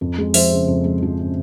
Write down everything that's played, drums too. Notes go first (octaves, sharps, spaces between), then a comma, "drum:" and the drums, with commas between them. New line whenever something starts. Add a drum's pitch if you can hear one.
F2
G#3
F3 C5 E5, drum: open hi-hat
C#3
F2
G#3
F3
C#3